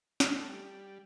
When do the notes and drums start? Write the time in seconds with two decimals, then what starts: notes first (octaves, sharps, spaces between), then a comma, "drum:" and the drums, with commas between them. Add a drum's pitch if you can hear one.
0.20 D4, drum: snare
0.29 C#4
0.39 A3
0.49 G3